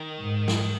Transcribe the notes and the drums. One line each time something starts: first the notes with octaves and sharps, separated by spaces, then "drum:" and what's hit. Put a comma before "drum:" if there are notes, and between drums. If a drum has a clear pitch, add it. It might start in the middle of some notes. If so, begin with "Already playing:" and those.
Already playing: D#3
G#2
drum: snare